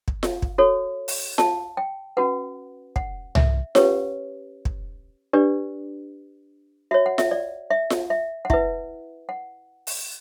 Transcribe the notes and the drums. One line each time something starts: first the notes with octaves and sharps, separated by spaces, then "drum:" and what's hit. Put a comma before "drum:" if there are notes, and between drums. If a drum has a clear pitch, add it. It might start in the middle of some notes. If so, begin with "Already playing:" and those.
drum: kick
drum: snare F4
drum: kick
F#4 A4 C#5
drum: open hi-hat
A5, drum: snare F4
G5
C#4 F#4 B4 F#5
F#5, drum: kick
E5, drum: tom C2
C#4 G4 B4 C#5, drum: snare F4
drum: kick
D4 G4 B4 D5
F#4 C#5 E5
F#5
E5, drum: snare F4
D5
E5
drum: snare F4
E5
F#5
E4 B4 E5, drum: kick
F#5
drum: open hi-hat